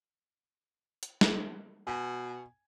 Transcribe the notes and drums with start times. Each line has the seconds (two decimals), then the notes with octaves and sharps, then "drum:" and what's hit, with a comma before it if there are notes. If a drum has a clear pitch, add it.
1.03 drum: hi-hat
1.21 drum: snare
1.87 B2 G#5